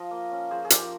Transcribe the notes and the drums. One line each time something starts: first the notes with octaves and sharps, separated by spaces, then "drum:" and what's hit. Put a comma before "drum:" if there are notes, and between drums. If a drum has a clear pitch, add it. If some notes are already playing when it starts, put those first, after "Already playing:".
Already playing: F3 D#5
A#3
C#4
F3 G#4 C5
G#4
F3 G4 A#4, drum: hi-hat